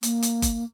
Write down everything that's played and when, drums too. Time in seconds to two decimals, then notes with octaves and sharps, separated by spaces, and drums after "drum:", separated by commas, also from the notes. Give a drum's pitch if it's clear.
0.03 A#3, drum: hi-hat
0.22 drum: hi-hat
0.42 drum: kick F#1, hi-hat